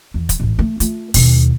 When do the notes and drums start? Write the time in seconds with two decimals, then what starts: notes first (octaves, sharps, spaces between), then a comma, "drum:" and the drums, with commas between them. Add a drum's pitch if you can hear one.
0.14 E2
0.29 drum: kick, hi-hat
0.40 A1 G#2
0.59 A3
0.80 A3 F4, drum: hi-hat
1.14 D#2 B2, drum: kick, open hi-hat